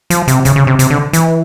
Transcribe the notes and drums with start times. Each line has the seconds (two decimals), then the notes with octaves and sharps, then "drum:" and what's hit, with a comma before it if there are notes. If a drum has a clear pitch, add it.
0.10 F3, drum: hi-hat
0.28 C3, drum: hi-hat
0.45 C#3, drum: kick, hi-hat
0.56 C#3
0.67 C3
0.79 C3, drum: hi-hat
0.90 D3
1.13 E3, drum: hi-hat